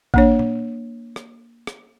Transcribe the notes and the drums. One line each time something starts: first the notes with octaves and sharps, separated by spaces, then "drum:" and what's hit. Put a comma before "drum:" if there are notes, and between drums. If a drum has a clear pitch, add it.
A#3 D4 C#5, drum: kick A#1
drum: tom A#2
drum: rim click
drum: rim click